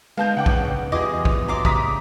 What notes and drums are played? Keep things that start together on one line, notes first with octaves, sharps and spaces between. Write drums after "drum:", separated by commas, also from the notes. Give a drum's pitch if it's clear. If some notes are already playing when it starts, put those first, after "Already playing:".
G#3 B3 D#4 A#4 F5 A5 G6
C#3 F#5 G5 D6
drum: kick
E2 E3 G3 F4 G#4 D#5 D6
drum: kick
F#3 D5 E5 A#5 C6 D6
C#3 G4 A#5 D6 D#6 B6, drum: kick